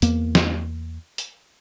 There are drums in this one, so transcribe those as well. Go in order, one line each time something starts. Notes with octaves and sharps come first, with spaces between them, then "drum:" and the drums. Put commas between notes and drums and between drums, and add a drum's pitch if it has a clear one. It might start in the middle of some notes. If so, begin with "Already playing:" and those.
E2 A#3, drum: hi-hat
drum: snare
drum: hi-hat